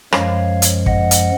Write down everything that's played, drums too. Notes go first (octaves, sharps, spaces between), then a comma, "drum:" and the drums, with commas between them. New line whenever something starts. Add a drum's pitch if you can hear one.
F#2 F3 G#3 C#5 F5, drum: rim click
drum: hi-hat
D#5 F#5, drum: kick
drum: hi-hat